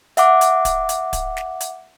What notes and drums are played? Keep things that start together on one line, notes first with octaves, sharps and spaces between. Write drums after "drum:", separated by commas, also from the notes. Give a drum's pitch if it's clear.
E5 F#5 D6, drum: hi-hat
drum: hi-hat
drum: kick D1, hi-hat
drum: hi-hat
drum: kick D1, hi-hat
drum: snare
drum: hi-hat